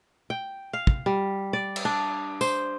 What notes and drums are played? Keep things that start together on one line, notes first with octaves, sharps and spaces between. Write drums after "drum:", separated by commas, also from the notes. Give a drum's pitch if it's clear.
G5
F5
drum: kick
G3
D5
drum: cymbal
D4
C5, drum: tambourine